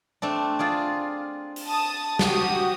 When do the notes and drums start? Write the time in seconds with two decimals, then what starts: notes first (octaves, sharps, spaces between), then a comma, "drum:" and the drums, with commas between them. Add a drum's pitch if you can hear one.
0.22 A3 C4 D4
0.59 F4 G#4 D5
1.56 drum: open hi-hat
1.67 A5 D#6
2.19 F#4 G4 D#6, drum: snare